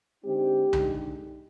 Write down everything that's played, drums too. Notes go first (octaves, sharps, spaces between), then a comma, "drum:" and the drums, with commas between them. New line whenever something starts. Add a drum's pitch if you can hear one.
D3 G#3 C4 D#4 G4
D3 G#3 D#4, drum: tom C2